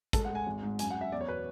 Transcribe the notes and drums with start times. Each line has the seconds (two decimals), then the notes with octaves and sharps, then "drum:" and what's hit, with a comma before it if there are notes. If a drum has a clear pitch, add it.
0.13 G#3 A4, drum: kick, hi-hat
0.25 F#5
0.30 G#3
0.35 G#5
0.46 G#1
0.63 G#2
0.79 F#2 G#5, drum: hi-hat
0.90 F#5
0.96 F#2
1.01 E5
1.12 E2 D5
1.21 C#5
1.28 B2 B4